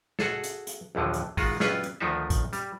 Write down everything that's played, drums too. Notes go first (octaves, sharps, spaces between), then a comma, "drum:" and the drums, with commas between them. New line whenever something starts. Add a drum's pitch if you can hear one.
F#4 G#4 A4, drum: snare
drum: hi-hat
drum: hi-hat
A#1 D#2 D3 F3 F#3
drum: hi-hat
D#3 G#3 F4 F#4, drum: kick, open hi-hat
F#3 C#4 D4 F4 G4 B4, drum: snare
drum: hi-hat
D2 D#3 F3 D4 D#4 E5
drum: kick, hi-hat
G3, drum: hi-hat